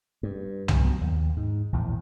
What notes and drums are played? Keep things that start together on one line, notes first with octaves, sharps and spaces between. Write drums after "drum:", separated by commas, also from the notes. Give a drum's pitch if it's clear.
G2
B1 G2 C3 G3, drum: tom C2
D2 F#3 B3
D#2
G#2
A#1 E2 A2